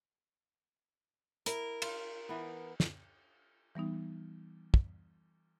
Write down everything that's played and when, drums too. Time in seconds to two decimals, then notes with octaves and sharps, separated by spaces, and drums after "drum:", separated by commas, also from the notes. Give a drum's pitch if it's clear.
1.46 E4 A#4, drum: hi-hat
1.82 F4, drum: cymbal
2.29 E3 B3
2.80 drum: snare
3.75 E3 G3 B3 D#4
4.74 drum: kick